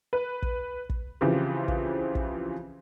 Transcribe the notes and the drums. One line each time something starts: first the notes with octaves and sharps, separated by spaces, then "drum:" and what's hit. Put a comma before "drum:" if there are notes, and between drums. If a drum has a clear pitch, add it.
B4
drum: kick
drum: kick
C#3 E3 F3 C4 F4 G4
drum: kick
drum: kick